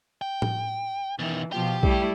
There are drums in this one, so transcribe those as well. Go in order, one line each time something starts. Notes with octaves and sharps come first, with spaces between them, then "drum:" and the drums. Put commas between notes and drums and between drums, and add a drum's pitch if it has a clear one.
G5
drum: tom A2
B2 D#3 E3
B2 F3 F4 G4
G3 A3 E4, drum: kick A#1